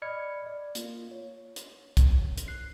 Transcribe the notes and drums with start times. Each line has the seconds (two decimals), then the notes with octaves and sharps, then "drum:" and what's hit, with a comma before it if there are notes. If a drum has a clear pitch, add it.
0.02 D5 D#5 B5 F6 G#6 C#7
0.47 D5
0.75 A#3 F4, drum: hi-hat
1.11 C#5
1.56 drum: hi-hat
1.97 drum: kick, hi-hat
2.38 drum: hi-hat
2.48 F#6 C7